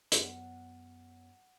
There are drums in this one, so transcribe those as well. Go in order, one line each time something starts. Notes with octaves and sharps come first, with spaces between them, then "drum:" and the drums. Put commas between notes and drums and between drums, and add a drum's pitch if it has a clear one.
F#2 B3 F#5, drum: hi-hat